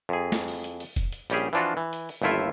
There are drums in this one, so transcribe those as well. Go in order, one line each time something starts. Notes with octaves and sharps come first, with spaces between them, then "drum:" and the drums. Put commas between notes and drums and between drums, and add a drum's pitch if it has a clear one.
F2 G#4
drum: snare
drum: open hi-hat
drum: hi-hat
drum: open hi-hat
drum: kick F1, hi-hat
drum: hi-hat
A#1 G3 C#4 G4 G#4, drum: hi-hat
E3 F3 D4 F4 F#4
E3
drum: hi-hat
drum: open hi-hat
G1 D#2 A3 E4 F4 E5